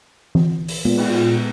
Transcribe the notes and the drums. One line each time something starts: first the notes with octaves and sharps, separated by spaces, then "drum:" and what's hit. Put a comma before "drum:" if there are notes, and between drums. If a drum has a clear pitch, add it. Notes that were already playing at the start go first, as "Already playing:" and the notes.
drum: tom E3
drum: open hi-hat
A#2 G#3 B3
drum: cymbal